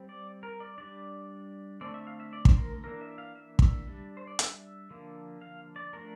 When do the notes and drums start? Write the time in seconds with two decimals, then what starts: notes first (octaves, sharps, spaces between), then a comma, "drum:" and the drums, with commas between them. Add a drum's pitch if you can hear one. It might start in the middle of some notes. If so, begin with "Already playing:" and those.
Already playing: G3 C4
0.09 D5
0.43 A#4
0.60 D5
0.78 G3 D4 D5
1.81 D3 A3 C4 D5
1.94 E5
2.07 F5
2.20 E5
2.33 D5
2.45 C5, drum: kick
2.58 A#4
2.84 E3 A#3 D4 A#4
3.01 E5
3.18 F5
3.35 E5
3.59 drum: kick
3.87 G3 D4
4.17 C5
4.27 D5
4.39 E5, drum: hi-hat
4.90 D3 F3 A#3
5.41 F5
5.76 D5
5.93 F3 A3 D4 A#4